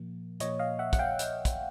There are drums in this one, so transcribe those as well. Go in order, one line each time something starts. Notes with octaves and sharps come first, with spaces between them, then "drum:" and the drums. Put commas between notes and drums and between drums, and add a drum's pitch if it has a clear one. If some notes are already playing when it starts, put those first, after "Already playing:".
Already playing: A#2 F3 A#3
A#2 F3 A#3 C#5 D#5, drum: hi-hat
D#5 F5
E5 F#5
F#5, drum: kick, hi-hat
F5 G5
drum: hi-hat
drum: kick, hi-hat